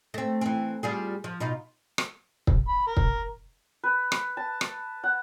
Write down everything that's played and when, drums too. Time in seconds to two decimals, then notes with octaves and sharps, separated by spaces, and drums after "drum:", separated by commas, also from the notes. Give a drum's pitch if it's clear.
0.14 A3 C4
0.41 E3 C4
0.83 G3 F4 G#4
1.24 F3
1.40 B2 D#4 F4
1.98 drum: rim click
2.47 drum: kick
2.68 B5
2.87 A#4
2.97 drum: kick
3.84 B4
4.12 drum: rim click
4.37 A5
4.61 drum: rim click
5.04 F#5